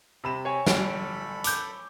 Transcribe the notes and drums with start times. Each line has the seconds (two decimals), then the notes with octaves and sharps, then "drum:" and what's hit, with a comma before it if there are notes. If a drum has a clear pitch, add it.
0.24 C3 B5 E7
0.45 C#5 G#5
0.67 G1 A4 B5 D7, drum: snare
1.44 D6 G6, drum: hi-hat